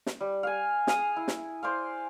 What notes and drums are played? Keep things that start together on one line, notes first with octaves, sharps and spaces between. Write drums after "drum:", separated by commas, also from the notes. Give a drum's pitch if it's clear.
drum: snare
G3
F5 G#5
G#4 F5 D#6, drum: snare
E4
drum: snare
C5 D5 F5